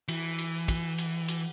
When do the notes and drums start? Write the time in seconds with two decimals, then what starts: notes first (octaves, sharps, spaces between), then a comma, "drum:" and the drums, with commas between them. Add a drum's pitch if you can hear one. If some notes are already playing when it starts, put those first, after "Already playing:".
0.08 E3, drum: cymbal
0.38 drum: cymbal
0.68 drum: kick, cymbal
0.98 drum: cymbal
1.28 drum: cymbal